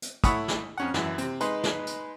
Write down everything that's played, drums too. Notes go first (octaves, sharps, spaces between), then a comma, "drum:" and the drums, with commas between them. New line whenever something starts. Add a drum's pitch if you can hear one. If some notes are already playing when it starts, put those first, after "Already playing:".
drum: hi-hat
A3 E4 C#5 F#5 B5 D#6, drum: kick, hi-hat
drum: snare
F2 C#4 F#5
F#2 E3 E4, drum: snare
C3 C4, drum: hi-hat
G#3 D#4 B4 C6, drum: hi-hat
drum: snare
drum: hi-hat